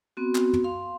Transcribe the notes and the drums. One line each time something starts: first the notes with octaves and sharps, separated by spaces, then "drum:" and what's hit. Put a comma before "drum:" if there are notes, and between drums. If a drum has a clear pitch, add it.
B3 C4 F#4
drum: clap
drum: tom
F5 C6